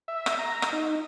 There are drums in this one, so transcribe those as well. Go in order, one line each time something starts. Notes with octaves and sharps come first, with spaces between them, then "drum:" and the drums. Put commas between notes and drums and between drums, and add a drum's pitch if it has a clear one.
E5
drum: rim click
A#5
drum: rim click
D#4